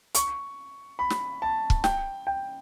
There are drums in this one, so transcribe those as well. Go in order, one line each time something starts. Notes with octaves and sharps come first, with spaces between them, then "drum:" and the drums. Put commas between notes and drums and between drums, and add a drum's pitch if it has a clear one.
C#6, drum: hi-hat
B5
drum: snare
A5
drum: kick
G5, drum: snare
G5